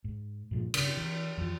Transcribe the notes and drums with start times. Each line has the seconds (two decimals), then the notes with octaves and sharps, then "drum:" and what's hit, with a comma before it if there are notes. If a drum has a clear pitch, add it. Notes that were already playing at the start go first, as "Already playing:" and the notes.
0.04 G#2
0.51 G2 A#2 F3 G#3
0.74 G2 C#3, drum: cymbal
0.97 E3
1.37 F2 E3 F3